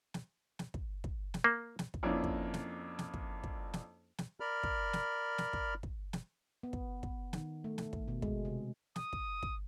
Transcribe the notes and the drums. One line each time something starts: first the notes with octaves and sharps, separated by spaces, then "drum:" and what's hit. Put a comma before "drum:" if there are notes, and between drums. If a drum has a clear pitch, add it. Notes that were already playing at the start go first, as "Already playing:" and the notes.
drum: snare
drum: snare
drum: kick
drum: kick
drum: snare
A#3
drum: snare
drum: kick
F2 A#3 C#4 D4 E4
drum: kick
drum: snare
drum: snare
drum: kick
drum: kick
drum: snare
drum: snare
A#4 D5 B5 F6
drum: kick
drum: snare
drum: snare
drum: kick
drum: kick
drum: snare
B3
drum: kick
drum: kick
D#3, drum: snare
A3
drum: snare
drum: kick
B2
G#3, drum: kick
C3
D#6, drum: snare
drum: kick
drum: kick